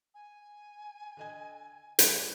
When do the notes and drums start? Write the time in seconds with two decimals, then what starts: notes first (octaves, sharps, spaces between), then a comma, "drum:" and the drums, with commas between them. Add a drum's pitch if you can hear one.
0.14 G#5
1.17 D3 D#5 G#6
1.99 G3 C#4 B4, drum: hi-hat